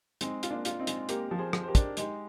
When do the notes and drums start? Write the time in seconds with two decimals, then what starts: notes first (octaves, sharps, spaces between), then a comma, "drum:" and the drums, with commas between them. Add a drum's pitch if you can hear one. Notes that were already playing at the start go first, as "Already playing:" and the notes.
0.21 G#3 C4 D#4, drum: hi-hat
0.43 F4, drum: hi-hat
0.50 A#3 D4
0.65 F4, drum: hi-hat
0.80 C4 D#4
0.87 G#3, drum: hi-hat
1.09 A#3 G4 A#4, drum: hi-hat
1.31 F3
1.38 G#4 C5
1.53 F3, drum: rim click
1.63 C5
1.67 G4 A#4
1.75 D4, drum: kick, hi-hat
1.97 G#3 D#4 G4, drum: hi-hat